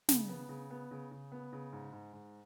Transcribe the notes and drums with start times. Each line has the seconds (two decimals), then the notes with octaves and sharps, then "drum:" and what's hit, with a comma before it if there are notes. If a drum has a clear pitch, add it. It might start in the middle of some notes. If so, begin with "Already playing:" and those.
0.09 C#3, drum: snare
0.29 B3
0.49 C#3
0.70 B3
0.91 C#3
1.11 C#3
1.32 B3
1.53 C#3
1.72 G#2
1.92 G#2
2.13 G#2